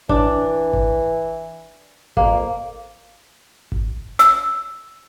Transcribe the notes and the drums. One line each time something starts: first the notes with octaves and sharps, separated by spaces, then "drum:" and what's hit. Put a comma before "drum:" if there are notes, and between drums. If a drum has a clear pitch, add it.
E3 D4, drum: kick G#1
drum: kick G#1
F2 A#3, drum: kick G#1
drum: kick G#1
E6, drum: snare